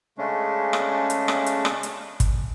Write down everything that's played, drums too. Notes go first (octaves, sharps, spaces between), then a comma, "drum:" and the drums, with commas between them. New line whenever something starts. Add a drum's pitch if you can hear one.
C#3 G#3 A3 C#4 D4
drum: rim click
drum: hi-hat
drum: rim click
drum: hi-hat
drum: rim click
drum: hi-hat
drum: kick, hi-hat